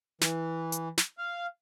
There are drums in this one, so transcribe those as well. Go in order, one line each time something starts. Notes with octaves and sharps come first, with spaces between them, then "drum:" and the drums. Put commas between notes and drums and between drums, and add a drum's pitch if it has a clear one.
E3, drum: snare
drum: hi-hat
drum: snare
F5